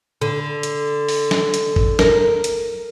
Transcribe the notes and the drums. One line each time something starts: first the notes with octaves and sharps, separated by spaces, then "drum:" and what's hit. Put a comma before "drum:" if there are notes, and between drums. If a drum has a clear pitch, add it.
D3
drum: hi-hat
drum: open hi-hat
drum: snare
drum: hi-hat
drum: kick A1
A#4, drum: snare
drum: hi-hat